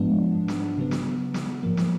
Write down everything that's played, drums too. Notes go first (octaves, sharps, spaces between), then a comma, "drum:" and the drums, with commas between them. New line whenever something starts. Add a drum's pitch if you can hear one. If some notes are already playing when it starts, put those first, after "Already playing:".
Already playing: G#2 F3 G#3 B3 D4
drum: snare
C#3 F#3 B3
drum: snare
drum: snare
G#2 F3 A#3
drum: snare